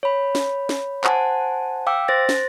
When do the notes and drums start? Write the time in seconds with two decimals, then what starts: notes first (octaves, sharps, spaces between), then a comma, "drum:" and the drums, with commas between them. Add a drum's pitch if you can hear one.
0.03 C#5 B5
0.35 drum: snare
0.69 drum: snare
1.04 C5 F#5 G#5 A5, drum: clap
1.87 F5 G5 D6 E6
2.08 C5 A6 A#6
2.29 drum: snare